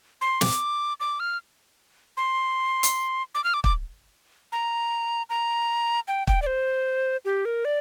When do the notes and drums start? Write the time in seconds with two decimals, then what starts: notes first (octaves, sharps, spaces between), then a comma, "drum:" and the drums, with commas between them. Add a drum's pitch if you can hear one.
0.21 C6
0.41 D6, drum: snare
1.00 D6
1.20 F6
2.17 C6
2.83 drum: hi-hat
3.35 D6
3.44 F6
3.54 D6
3.64 D6, drum: kick
4.52 A#5
5.30 A#5
6.08 G5
6.27 G5, drum: kick
6.42 D5
6.46 C5
7.25 G4
7.45 A#4
7.65 D5